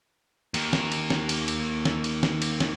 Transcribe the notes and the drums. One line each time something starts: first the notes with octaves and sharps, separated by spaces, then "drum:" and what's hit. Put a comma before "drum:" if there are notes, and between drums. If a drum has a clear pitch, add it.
D#2 D#3, drum: cymbal
drum: snare
drum: cymbal
drum: snare
drum: cymbal
drum: cymbal
drum: snare
drum: cymbal
drum: snare
drum: cymbal
drum: snare